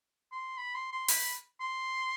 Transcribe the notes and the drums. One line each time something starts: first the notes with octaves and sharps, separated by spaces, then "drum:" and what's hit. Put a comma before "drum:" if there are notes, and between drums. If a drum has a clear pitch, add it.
C6
B5
C6
C6
B5, drum: open hi-hat
C6